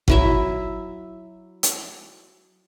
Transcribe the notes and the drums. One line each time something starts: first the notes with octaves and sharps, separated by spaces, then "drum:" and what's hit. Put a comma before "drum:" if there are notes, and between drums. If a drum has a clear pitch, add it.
F#3 E4 E5, drum: kick G1
drum: hi-hat